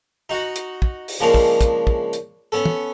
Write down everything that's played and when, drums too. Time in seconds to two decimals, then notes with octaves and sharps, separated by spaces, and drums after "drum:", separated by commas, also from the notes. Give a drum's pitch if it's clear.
0.29 D#4 F#4 F#5
0.56 drum: hi-hat
0.82 drum: kick
1.08 drum: open hi-hat
1.20 C#3 F3 G#3 A#3 D4
1.34 drum: kick
1.61 drum: kick, hi-hat
1.87 drum: kick
2.13 drum: hi-hat
2.52 B3 C#4 A4
2.66 drum: tom